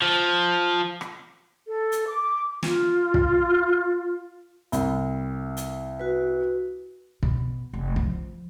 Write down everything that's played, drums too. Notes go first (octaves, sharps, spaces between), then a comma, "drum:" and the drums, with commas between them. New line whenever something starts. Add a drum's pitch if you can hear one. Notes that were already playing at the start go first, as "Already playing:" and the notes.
F3
drum: rim click
A4
drum: hi-hat
D6
F4, drum: snare
drum: kick
C2, drum: hi-hat
drum: hi-hat
F#4 B4
B2, drum: kick
F1
F3, drum: kick